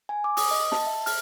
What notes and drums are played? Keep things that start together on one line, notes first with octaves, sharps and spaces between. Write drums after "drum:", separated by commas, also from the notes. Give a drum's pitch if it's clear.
G#5
D6
D#6, drum: open hi-hat
D#5
A5, drum: snare
E5
F6, drum: open hi-hat